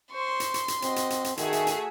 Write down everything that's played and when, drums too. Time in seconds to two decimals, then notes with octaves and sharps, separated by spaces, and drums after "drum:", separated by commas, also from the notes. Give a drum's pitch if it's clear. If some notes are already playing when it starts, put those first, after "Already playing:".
0.13 C5 C6 C#6
0.40 drum: hi-hat
0.54 drum: hi-hat
0.68 drum: hi-hat
0.82 C4 F#4 D#5, drum: hi-hat
0.96 drum: hi-hat
1.10 drum: hi-hat
1.24 drum: hi-hat
1.37 D#3 A3 F#4 G#4 E5, drum: hi-hat
1.53 drum: hi-hat
1.67 drum: hi-hat